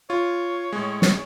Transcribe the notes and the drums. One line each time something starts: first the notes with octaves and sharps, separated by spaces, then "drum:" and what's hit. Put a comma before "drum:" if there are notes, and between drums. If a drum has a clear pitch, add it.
F4 C#5
A2 G#3
drum: snare